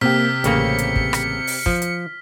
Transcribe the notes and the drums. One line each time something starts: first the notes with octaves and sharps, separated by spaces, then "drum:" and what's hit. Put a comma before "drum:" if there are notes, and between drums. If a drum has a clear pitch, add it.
C3 A#3 G4 F6 B6
A1 C#3 A#3 C#7, drum: hi-hat
drum: hi-hat
drum: kick
drum: rim click
drum: open hi-hat
F3, drum: kick
drum: hi-hat